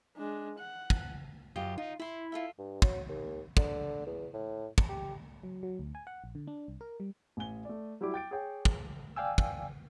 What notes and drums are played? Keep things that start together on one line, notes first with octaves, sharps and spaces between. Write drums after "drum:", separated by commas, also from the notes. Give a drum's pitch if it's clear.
G#3 D4
F#5
drum: kick
F#2 F4 G4 D#5
D#4 F4
E4 B5 C6
F4 A4 E5
G2
F#3, drum: kick
D#2
D3, drum: kick
E2
A2
drum: kick
G4
F#3
F#3
D2
G#5
F#5
A#1
D3
D4
C2
A#4
G3
A1 G#5 G7
A3 D5
F#3 G3 E4 G4 D5 D6
G5 A6 D7
G#4 C#5 G5
drum: kick
D5 F5 G5 G#5 E6
drum: kick